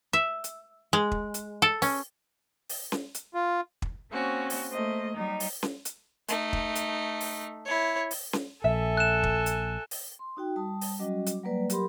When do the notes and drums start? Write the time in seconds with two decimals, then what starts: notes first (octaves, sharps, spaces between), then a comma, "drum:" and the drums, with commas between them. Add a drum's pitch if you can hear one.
0.13 E5
0.44 drum: hi-hat
0.93 G#3
1.12 drum: kick
1.34 drum: hi-hat
1.62 A4
1.82 C#4, drum: open hi-hat
2.69 drum: open hi-hat
2.92 drum: snare C#4
3.14 drum: hi-hat
3.34 F4
3.82 drum: kick
4.12 A#3 C4 C#4 F#4
4.50 drum: open hi-hat
4.70 A3 A#3 C5 D#5
5.15 F#3 G3 D#4
5.40 drum: open hi-hat
5.63 drum: snare C#4
5.85 drum: hi-hat
6.28 A3 D#4, drum: hi-hat
6.53 drum: kick
6.75 drum: hi-hat
7.20 drum: open hi-hat
7.66 E4 C#5
8.11 drum: open hi-hat
8.33 drum: snare C#4
8.64 A#1 A4 E5 G#5
8.97 F#6 E7
9.23 drum: kick
9.46 drum: hi-hat
9.91 drum: open hi-hat
10.19 C6
10.37 D#4 F#4 G5
10.56 G3 A5 D#6
10.81 drum: open hi-hat
10.99 F#3 G3 C#4 F#4 D#5 D6
11.26 drum: hi-hat
11.43 F#3 G3 A#3 B4 D5
11.70 F#3 G4 A#4 B5 C6, drum: hi-hat